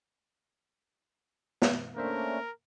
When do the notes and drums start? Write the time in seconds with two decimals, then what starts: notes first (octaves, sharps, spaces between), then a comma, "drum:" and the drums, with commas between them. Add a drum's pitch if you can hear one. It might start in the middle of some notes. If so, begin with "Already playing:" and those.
1.62 drum: snare
1.97 A3 A#3 C#4 D4 A#4 C5 E5